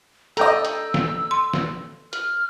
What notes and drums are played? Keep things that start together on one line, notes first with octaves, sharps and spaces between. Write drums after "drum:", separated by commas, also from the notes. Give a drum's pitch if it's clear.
A4 D5 D#5 G5 A#5 E6, drum: hi-hat
drum: hi-hat
drum: snare
C6
drum: snare
F6, drum: hi-hat